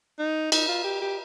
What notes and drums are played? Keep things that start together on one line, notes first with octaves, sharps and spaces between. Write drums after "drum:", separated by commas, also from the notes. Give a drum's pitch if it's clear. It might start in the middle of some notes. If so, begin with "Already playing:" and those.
D#4
D#4, drum: cymbal
F4
G4
G4